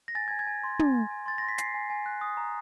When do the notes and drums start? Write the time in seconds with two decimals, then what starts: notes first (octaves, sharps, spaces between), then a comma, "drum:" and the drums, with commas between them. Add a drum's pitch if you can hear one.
0.08 A#6
0.15 G#5 A6
0.28 G#6
0.31 G#5
0.39 G#6
0.47 G#5
0.64 C6
0.79 G#5, drum: tom
0.95 G#5
1.10 G#5
1.26 C6 A6
1.38 C6 A#6
1.48 B6
1.58 G#5 C7, drum: hi-hat
1.74 G#5
1.90 G#5
2.06 F#6
2.21 D#6
2.37 A#5